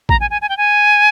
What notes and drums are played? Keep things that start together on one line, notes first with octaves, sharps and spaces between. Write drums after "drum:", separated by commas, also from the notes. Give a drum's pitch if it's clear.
A#5, drum: kick A1
G#5
G#5
G#5
G5
G#5